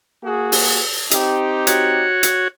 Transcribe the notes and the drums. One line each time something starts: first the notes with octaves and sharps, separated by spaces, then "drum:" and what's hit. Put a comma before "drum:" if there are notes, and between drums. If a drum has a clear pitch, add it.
A#3 F#4 G#4
drum: open hi-hat
C4 D#4 G4, drum: hi-hat
F#4 C#5, drum: hi-hat
drum: hi-hat